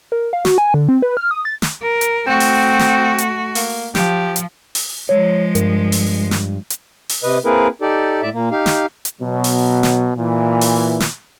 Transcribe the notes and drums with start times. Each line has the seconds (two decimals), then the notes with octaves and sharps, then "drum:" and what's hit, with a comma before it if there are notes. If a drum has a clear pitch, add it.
0.12 A#4
0.33 F5
0.45 F#4, drum: snare
0.58 G#5
0.74 D3
0.89 C4
1.02 B4
1.17 F6
1.31 D#6
1.45 A6
1.62 drum: snare
1.82 A#4
2.01 drum: hi-hat
2.27 A3 C4 F#4
2.40 drum: open hi-hat
2.79 drum: snare
3.18 drum: hi-hat
3.55 A#3, drum: open hi-hat
3.95 F3 G4, drum: snare
4.36 drum: hi-hat
4.75 drum: open hi-hat
5.09 F3 G#3 C#5
5.55 G2 A#4, drum: hi-hat
5.92 drum: open hi-hat
6.31 drum: snare
6.70 drum: hi-hat
7.09 drum: open hi-hat
7.23 C3 B4 D#5
7.45 A#3 C4 E4 G#4 A#4 B4
7.82 D#4 G4 A4 D5
8.22 A2 D5 E5
8.34 A#2 A#3
8.51 D#4 G4 F5
8.66 drum: snare
9.05 drum: hi-hat
9.21 B2 F#3
9.44 drum: open hi-hat
9.83 drum: snare
10.17 A#2 E3
10.61 drum: open hi-hat
11.00 drum: snare